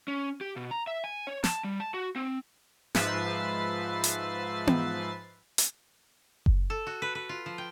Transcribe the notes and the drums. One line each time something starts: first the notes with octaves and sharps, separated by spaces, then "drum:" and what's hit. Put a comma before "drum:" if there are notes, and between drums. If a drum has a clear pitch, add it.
C#4
G4
B2
A#5
E5
G#5
C#5
A5, drum: snare
G3
A5
F#4
C4
G#2 F3 B4 E5 A6 C7, drum: snare
drum: hi-hat
drum: tom B3
drum: hi-hat
drum: kick F#1
A4
F#4
B4
B4
F4
F3
G5